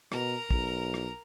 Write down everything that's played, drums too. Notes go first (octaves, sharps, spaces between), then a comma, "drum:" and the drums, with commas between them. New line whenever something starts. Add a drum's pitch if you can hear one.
B2 A#4 A#5, drum: rim click
B1, drum: kick A#1
drum: rim click